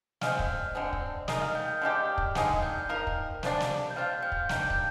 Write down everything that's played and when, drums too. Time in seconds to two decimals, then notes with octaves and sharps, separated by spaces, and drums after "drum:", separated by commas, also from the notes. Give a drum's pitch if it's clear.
0.21 D3 G#3 C4 F5 F6, drum: snare
0.39 drum: kick
0.75 D3 G#3 C4
0.93 drum: kick
1.28 G#3 D#4 A#4 D#5 D#6, drum: snare
1.41 F5 F6
1.55 G5 G6
1.68 G5 G6
1.82 D3 G#3 D4 G4 F5 F6
2.18 drum: kick
2.35 D3 G#3 D#4 G#4 F5 F6, drum: snare
2.53 drum: kick
2.63 G5 G6
2.89 F3 A#3 D#4 A#4
3.07 drum: kick
3.43 C3 F3 G#3 D4, drum: snare
3.60 drum: snare
3.91 G6
3.96 G3 C4 F4 F5 F6
4.22 G5 G6
4.32 drum: kick
4.49 D#3 A#3 D4 G4 G5 G6, drum: snare
4.70 G6, drum: kick